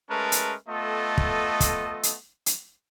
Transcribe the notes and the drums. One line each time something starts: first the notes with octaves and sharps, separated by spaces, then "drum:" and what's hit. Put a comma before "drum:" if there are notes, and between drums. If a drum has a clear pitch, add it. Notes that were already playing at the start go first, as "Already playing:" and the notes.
G#3 A3 C#4 A#4 B4 A5
drum: hi-hat
A3 B3 F4 A4 D#5
drum: kick
drum: kick, hi-hat
drum: hi-hat
drum: hi-hat